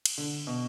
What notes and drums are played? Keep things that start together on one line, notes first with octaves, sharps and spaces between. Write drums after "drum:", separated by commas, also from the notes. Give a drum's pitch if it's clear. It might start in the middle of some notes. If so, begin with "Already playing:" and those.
drum: cymbal
D3
B2